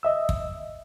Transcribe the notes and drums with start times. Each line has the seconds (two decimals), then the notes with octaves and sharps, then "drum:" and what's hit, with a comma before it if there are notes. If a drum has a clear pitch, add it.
0.03 D#5 E5 E6
0.29 drum: kick